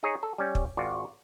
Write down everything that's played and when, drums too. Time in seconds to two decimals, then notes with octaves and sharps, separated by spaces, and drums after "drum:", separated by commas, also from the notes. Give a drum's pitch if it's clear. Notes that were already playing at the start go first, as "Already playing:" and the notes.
0.03 D#4 G#4 C#5
0.23 A4
0.38 G3 C#4
0.55 drum: kick
0.77 G#1 F4 F#4 D5